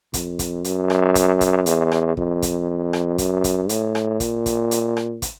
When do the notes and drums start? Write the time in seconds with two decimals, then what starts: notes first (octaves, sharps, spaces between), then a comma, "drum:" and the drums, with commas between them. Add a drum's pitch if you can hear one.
0.14 F2, drum: kick, hi-hat
0.39 drum: kick, hi-hat
0.64 F#2, drum: hi-hat
0.90 drum: rim click
1.15 drum: kick, hi-hat
1.41 drum: kick, hi-hat
1.66 E2, drum: hi-hat
1.92 drum: rim click
2.17 F2, drum: kick
2.42 drum: kick, hi-hat
2.93 drum: rim click
3.18 F#2, drum: kick, hi-hat
3.44 drum: kick, hi-hat
3.69 A2, drum: hi-hat
3.95 drum: rim click
4.20 A#2, drum: kick, hi-hat
4.46 drum: kick, hi-hat
4.71 drum: hi-hat
4.97 drum: rim click
5.22 drum: kick, hi-hat